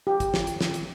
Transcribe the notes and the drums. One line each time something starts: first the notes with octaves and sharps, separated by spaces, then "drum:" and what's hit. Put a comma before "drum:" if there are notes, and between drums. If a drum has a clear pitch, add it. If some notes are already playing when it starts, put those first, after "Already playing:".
G4
drum: kick, hi-hat
drum: snare
drum: hi-hat
drum: snare
drum: hi-hat